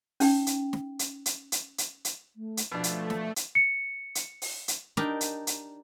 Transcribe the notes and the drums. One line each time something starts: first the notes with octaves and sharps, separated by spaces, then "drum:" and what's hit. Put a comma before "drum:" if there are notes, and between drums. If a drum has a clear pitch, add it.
C#4 D#4 G5, drum: open hi-hat
drum: hi-hat
drum: snare
drum: hi-hat
drum: hi-hat
drum: hi-hat
drum: hi-hat
drum: hi-hat
A3
drum: hi-hat
B2 F3 A3 D4
drum: hi-hat
drum: snare
drum: hi-hat
C#7
drum: hi-hat
drum: open hi-hat
drum: hi-hat
D4 D#4 G4 A#4, drum: snare
drum: hi-hat
drum: hi-hat